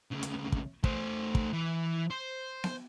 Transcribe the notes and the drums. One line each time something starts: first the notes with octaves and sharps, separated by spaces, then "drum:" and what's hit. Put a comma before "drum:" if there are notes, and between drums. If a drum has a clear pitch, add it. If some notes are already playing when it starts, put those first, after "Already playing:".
D2 C#3
drum: hi-hat
drum: kick
A3 C5, drum: kick
drum: kick
E3
C5
drum: snare B3